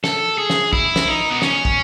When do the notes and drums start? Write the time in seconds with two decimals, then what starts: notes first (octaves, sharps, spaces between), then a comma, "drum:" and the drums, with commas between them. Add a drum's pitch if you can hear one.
0.04 A4, drum: snare
0.38 G#4
0.50 drum: snare
0.73 E4, drum: kick
0.96 drum: snare
1.07 D#4
1.30 B3
1.42 C#4, drum: snare
1.65 drum: kick